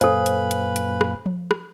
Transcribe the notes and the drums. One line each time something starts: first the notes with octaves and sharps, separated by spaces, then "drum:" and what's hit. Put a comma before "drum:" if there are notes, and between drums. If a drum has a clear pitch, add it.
F#2 A#2 A4 B4 C5 F5 G#5, drum: hi-hat
drum: hi-hat
drum: hi-hat
drum: hi-hat
drum: rim click
drum: tom F3
drum: rim click